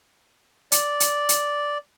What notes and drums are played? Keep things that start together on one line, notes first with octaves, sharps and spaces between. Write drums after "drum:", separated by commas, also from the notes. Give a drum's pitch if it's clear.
D5, drum: hi-hat
drum: hi-hat
drum: hi-hat